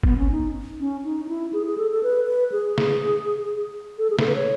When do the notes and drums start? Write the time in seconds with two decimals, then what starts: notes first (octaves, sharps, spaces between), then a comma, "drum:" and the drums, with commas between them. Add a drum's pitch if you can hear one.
0.03 B3, drum: kick F#1
0.18 C#4
0.31 D#4
0.80 C#4
1.05 D#4
1.25 D#4
1.29 E4
1.53 G#4
1.66 G#4
1.78 A4
1.91 A4
2.03 B4
2.27 B4
2.52 G#4
2.78 drum: snare
3.98 A4
4.10 G#4
4.19 A4, drum: snare
4.27 B4
4.35 C#5